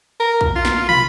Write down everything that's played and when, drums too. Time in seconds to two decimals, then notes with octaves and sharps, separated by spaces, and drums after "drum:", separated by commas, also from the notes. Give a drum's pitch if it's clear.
0.20 A#4
0.41 drum: kick
0.56 F4
0.65 drum: snare
0.89 B5, drum: tom